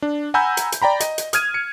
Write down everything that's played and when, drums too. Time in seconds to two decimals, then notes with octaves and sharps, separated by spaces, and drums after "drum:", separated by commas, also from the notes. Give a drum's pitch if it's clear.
0.02 D4
0.34 F#5 G#5 A#5 B5 E6 G6
0.57 drum: hi-hat
0.72 drum: hi-hat
0.82 D5 G5 A#5 B5
1.00 D#5, drum: hi-hat
1.18 drum: hi-hat
1.33 D#6 F6 G#6 D#7, drum: hi-hat
1.54 C#7